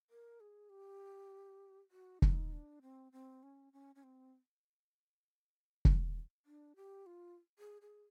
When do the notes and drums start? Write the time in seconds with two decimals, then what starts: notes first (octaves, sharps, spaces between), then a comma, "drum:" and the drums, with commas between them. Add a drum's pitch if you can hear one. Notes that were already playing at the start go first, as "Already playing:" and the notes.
0.10 A#4
0.40 G#4
0.70 G4
1.91 F#4
2.22 D#4, drum: kick
2.52 D4
2.82 C4
3.12 C4
3.43 C#4
3.73 C#4
3.95 C#4
4.03 C4
5.85 drum: kick
6.46 D4
6.76 G4
7.06 F4
7.59 G#4
7.82 G#4